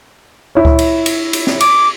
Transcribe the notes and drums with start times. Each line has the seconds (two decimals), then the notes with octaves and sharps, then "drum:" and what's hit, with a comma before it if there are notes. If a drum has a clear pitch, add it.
0.55 E4 C#5
0.65 drum: kick C#2
0.79 drum: cymbal
1.06 drum: cymbal
1.33 drum: cymbal
1.47 drum: snare
1.61 D6, drum: cymbal